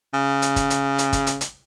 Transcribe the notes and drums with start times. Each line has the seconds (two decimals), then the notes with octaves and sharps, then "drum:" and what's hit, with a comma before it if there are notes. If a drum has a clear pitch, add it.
0.14 C#3
0.42 drum: hi-hat
0.56 drum: kick, hi-hat
0.70 drum: hi-hat
0.98 drum: hi-hat
1.13 drum: kick, hi-hat
1.27 drum: hi-hat
1.41 drum: hi-hat